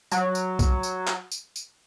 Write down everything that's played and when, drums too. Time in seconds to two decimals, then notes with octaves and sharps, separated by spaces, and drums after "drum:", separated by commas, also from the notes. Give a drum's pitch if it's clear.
0.12 F#3, drum: tambourine
0.35 drum: tambourine
0.59 drum: kick C2, tambourine
0.83 drum: tambourine
1.07 drum: clap
1.32 drum: tambourine
1.56 drum: tambourine